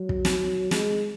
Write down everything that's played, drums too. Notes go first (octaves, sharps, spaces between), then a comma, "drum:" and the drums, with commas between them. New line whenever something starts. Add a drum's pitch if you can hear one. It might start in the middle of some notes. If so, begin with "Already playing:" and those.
Already playing: F#3
drum: kick
drum: snare
G#3, drum: snare